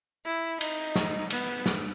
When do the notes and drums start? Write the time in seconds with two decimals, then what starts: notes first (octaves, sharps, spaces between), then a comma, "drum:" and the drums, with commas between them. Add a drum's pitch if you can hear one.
0.26 E4
0.61 D#4, drum: cymbal
0.96 drum: snare
1.30 B3, drum: cymbal
1.66 drum: snare